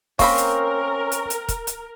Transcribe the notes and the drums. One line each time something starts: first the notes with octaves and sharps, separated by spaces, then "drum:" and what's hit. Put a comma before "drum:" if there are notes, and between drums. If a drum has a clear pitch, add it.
A#3 C4 C#4 A#4 B5 C#6, drum: kick, open hi-hat
drum: hi-hat
drum: hi-hat
drum: hi-hat
drum: kick, hi-hat
drum: hi-hat